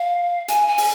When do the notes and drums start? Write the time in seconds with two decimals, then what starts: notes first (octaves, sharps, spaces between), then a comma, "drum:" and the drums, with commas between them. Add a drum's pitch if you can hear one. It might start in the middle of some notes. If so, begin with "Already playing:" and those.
Already playing: F5
0.48 G#5, drum: hi-hat
0.68 G#5
0.78 drum: open hi-hat